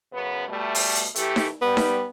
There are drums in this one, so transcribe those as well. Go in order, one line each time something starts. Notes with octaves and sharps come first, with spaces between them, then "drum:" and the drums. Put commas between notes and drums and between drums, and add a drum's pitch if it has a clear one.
F#2 C#3 B3
B2 G3 A3
drum: open hi-hat
drum: hi-hat
E3 A3 G4, drum: hi-hat
drum: snare D#4
G3 B3
drum: snare D#4